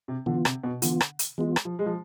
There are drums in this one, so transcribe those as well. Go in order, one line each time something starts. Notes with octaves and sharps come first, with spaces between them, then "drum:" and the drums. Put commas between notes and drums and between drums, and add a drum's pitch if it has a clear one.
C3
D3 E3 B3 F4
C3, drum: rim click
B2
D3 E3 B3 F4, drum: hi-hat
drum: rim click
drum: hi-hat
E3 G#3 B3 F4
drum: rim click
F3
G#3
F3